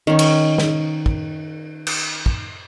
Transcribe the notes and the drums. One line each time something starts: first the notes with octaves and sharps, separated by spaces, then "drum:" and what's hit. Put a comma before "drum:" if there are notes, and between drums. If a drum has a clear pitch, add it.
D#3 C#4
drum: cymbal
drum: snare
drum: kick
drum: cymbal
drum: kick